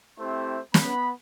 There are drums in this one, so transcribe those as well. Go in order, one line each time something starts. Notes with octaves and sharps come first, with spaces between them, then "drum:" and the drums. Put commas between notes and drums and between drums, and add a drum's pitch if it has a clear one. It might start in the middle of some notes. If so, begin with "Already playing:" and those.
A3 C4 E4 G4 C5 C6
B3 B5, drum: snare